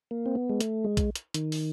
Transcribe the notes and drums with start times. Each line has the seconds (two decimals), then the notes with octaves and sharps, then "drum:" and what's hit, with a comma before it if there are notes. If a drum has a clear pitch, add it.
0.11 A#3
0.26 C4
0.35 B3
0.49 G#3
0.61 A3, drum: hi-hat
0.84 G#3
0.97 drum: kick A#1, hi-hat
1.16 drum: hi-hat
1.34 D#3, drum: hi-hat
1.52 drum: open hi-hat